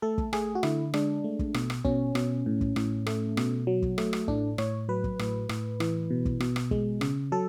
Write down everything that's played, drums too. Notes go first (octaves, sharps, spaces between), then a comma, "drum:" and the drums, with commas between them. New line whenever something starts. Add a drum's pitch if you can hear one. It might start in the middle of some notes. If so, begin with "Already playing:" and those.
A3 A4
drum: kick
A3 G#4, drum: rim click
F#4
D3 E4, drum: rim click
G#3 D4, drum: rim click
A3
drum: kick
B2, drum: rim click
drum: rim click
B2 C#4, drum: kick
B2, drum: rim click
A2
drum: kick
A2, drum: rim click
A3, drum: rim click
B2, drum: rim click
F#3
drum: kick
A3, drum: rim click
drum: rim click
A2 D4, drum: kick
A2 C#5, drum: rim click
F#3 B4
drum: kick
A2, drum: rim click
A2, drum: rim click
E3, drum: rim click
B2
drum: kick
B2, drum: rim click
drum: rim click
G#3, drum: kick
C#3, drum: rim click
F#3 A4